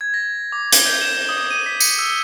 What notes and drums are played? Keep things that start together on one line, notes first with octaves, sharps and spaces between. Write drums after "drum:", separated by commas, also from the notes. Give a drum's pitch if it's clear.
G#6
A#6
D6
G7, drum: hi-hat
G6
E7
G7
D#6
D#7
B6
C#7, drum: tambourine
E6